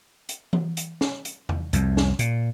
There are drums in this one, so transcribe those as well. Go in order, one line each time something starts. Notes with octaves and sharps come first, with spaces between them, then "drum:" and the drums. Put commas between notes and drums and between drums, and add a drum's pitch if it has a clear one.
drum: hi-hat
drum: tom E3
drum: hi-hat
drum: snare
drum: hi-hat
drum: tom E2
C2 F2, drum: hi-hat
drum: snare
A#2, drum: hi-hat